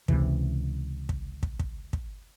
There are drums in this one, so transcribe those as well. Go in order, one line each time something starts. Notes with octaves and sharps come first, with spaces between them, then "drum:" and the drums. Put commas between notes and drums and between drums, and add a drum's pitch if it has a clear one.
C#2 C3 E3, drum: kick
drum: kick
drum: kick
drum: kick
drum: kick